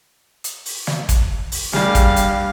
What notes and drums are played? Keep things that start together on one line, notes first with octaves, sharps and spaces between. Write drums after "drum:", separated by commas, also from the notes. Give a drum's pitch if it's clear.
drum: hi-hat
drum: open hi-hat
drum: snare
drum: kick, hi-hat
drum: open hi-hat
G2 G3 G#4 F5 G#5, drum: snare
drum: kick, hi-hat
drum: hi-hat